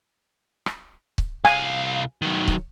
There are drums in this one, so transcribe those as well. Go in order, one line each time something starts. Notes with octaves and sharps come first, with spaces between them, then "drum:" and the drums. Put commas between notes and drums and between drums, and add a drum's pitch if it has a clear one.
drum: rim click
drum: kick C#1
C2 F5 G#5, drum: rim click
D#3 F#3
drum: kick C#1